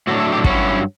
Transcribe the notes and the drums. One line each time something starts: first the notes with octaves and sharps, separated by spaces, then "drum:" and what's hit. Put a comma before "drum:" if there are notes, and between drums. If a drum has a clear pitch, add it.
A2 F#3 A3 D4 F#4
A4
G4
G2 F#3 C#4 E4 F#4, drum: kick